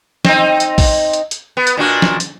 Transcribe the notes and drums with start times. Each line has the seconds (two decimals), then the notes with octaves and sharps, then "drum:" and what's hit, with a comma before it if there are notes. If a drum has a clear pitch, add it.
0.25 C4 D#4, drum: snare
0.60 drum: hi-hat
0.78 drum: kick A#1, open hi-hat
1.13 drum: hi-hat
1.31 drum: hi-hat
1.57 B3
1.67 drum: hi-hat
1.77 A#2 D4 F#4
2.02 drum: snare
2.20 drum: hi-hat